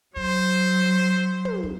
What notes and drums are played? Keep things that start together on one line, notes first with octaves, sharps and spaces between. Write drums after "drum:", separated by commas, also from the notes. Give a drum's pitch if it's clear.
F#3 C5, drum: kick
drum: tom
drum: kick